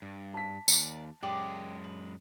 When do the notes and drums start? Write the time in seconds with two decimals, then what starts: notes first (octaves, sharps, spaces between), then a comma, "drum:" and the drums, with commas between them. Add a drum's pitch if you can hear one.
0.02 G2
0.34 A5 B6
0.68 D#2 A#4 D5, drum: tambourine
1.23 F#2 G#3 G4 D5 D6
1.84 B4